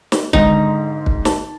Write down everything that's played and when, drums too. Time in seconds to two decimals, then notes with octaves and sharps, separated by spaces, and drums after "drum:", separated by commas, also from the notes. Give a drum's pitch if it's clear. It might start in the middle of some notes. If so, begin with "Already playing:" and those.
0.12 drum: snare
0.33 G#1 G#2 D3 D#4, drum: kick
1.06 drum: kick
1.25 A5, drum: snare